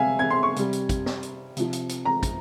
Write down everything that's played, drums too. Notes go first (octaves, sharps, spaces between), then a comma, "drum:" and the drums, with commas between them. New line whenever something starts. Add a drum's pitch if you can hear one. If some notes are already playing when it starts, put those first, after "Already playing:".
Already playing: C3 G3 E5 F5 G#5
G#6
C6
C#6
C3 G3, drum: hi-hat
drum: hi-hat
drum: kick, hi-hat
drum: snare
drum: hi-hat
C3 F3, drum: hi-hat
drum: hi-hat
drum: hi-hat
A#5
drum: kick, hi-hat